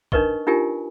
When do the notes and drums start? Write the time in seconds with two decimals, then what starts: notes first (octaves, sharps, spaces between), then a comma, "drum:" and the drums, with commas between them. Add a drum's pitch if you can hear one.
0.12 D4 D#4 A#4 B4 D#5 C#6, drum: kick
0.47 D4 D#4 F4 G4 A#4 G#5